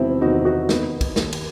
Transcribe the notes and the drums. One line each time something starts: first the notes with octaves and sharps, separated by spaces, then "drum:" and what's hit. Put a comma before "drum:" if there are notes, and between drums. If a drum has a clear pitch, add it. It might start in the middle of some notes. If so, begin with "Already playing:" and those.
Already playing: E1 E2 C3 D#3 C4 E4
E1 E2 C3 D#3 D#4 F#4
D#4 F#4
D#2 D#3 B3 D#4, drum: snare
drum: kick, cymbal
D#2 D#3, drum: snare
drum: cymbal